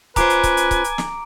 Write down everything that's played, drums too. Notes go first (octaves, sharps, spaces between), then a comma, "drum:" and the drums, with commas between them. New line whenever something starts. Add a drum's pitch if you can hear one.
C#4 F4 B4 C5 G#5 A#5 D6 D7, drum: kick C#1, hi-hat
drum: hi-hat
drum: kick C#1, hi-hat
drum: hi-hat
drum: kick C#1, hi-hat
drum: hi-hat
drum: snare